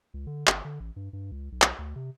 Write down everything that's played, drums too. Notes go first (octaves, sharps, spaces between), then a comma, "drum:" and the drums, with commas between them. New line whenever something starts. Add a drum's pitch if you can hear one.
C#2
D3
G1, drum: clap
D3
A1
G2
G2
C#2
B1
drum: clap
D2
C3